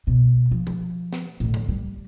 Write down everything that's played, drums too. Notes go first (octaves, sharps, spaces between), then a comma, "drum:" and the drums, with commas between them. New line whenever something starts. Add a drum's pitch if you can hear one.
B2
F3
drum: tom B2
drum: snare
A2 D3, drum: hi-hat
drum: tom A2
G3